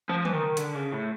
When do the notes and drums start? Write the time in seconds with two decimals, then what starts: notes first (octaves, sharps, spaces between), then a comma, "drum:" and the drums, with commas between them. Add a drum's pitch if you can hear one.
0.09 F3
0.25 E3, drum: tom
0.33 D#3
0.57 D3, drum: hi-hat
0.75 C#3
0.92 A2